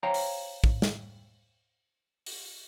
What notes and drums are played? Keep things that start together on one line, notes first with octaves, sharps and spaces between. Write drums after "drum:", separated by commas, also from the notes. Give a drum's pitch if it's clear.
C5 C#5 F5 G5 A#5
drum: open hi-hat
drum: kick
drum: snare
drum: open hi-hat